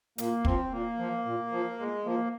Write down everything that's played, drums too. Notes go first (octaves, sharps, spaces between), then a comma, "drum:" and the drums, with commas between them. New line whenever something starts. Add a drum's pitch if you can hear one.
A#2 A#3, drum: hi-hat
F3 C4, drum: kick
A#2 A#3
F3
A#2
F3
A#2 G#3
F3 A#3